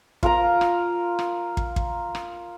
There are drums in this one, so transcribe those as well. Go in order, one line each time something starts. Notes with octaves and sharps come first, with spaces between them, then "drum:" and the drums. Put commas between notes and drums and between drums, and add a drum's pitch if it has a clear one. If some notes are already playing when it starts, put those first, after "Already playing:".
F4 A#4 A#5, drum: kick
drum: rim click
drum: rim click
drum: kick
drum: kick
drum: rim click